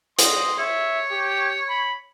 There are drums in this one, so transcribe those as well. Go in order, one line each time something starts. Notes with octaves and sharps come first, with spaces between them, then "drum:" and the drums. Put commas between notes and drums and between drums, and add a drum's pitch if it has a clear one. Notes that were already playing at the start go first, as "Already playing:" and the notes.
D#5 C6, drum: hi-hat
C#5 E5
G4
B5